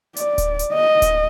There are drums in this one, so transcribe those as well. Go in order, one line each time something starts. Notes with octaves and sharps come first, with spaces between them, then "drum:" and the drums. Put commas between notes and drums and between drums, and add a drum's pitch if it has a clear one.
D5, drum: hi-hat
drum: kick D1, hi-hat
drum: hi-hat
D#5
drum: kick D1, hi-hat